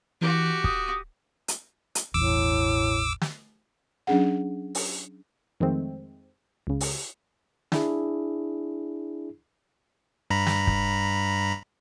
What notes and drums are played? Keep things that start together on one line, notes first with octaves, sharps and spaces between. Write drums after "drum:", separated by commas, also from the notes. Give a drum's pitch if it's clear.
E3 F#4 G4
D#6, drum: kick
drum: hi-hat
drum: hi-hat
E1 A1 E2 A2 D6 E6
drum: snare
F#3 C#4 D4 G#4 F#5
drum: open hi-hat
F2 D#3 G#3 A3 C4
C#2 C#3
drum: open hi-hat
D4 E4 G#4, drum: snare
G2 A#5 B5
drum: snare
drum: kick